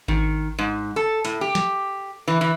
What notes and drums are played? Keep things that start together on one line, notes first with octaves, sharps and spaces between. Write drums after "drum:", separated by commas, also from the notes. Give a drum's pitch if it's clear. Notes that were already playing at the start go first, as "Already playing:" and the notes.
D#3, drum: kick G#1
G#2
A4
A2, drum: hi-hat
G4
drum: snare
E3
E3